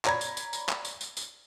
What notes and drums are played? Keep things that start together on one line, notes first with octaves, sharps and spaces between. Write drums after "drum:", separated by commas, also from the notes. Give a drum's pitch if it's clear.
C#5 D5 A#5 B5 G#6, drum: clap
drum: tambourine
drum: tambourine
drum: tambourine
drum: clap
drum: tambourine
drum: tambourine
drum: tambourine